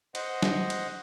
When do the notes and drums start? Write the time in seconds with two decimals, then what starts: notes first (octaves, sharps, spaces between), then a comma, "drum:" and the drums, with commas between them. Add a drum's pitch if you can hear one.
0.15 C5 D#5 F#5, drum: cymbal
0.42 drum: snare
0.70 drum: cymbal